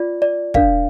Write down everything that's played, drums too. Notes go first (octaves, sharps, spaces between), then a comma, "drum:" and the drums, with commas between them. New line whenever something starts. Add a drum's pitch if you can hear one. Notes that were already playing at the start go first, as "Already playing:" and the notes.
Already playing: F4 D5
D5
D4 A#4 D5 F5, drum: kick